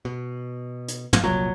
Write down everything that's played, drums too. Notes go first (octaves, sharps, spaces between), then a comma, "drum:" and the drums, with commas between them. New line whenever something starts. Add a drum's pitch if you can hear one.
B2
drum: hi-hat
drum: tom
F1 C2 A#2 F#3